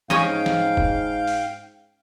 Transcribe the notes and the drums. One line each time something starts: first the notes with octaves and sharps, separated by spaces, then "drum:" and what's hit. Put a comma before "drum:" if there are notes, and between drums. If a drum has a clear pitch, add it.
G#2 C#4 C#5 D#5 F5 G5, drum: snare
drum: snare
drum: kick F1
drum: open hi-hat